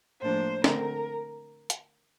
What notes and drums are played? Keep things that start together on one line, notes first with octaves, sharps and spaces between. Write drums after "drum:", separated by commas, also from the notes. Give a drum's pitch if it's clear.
A2 F3 A#3 D4 C5
D3 A3 C4 A#4, drum: snare
drum: hi-hat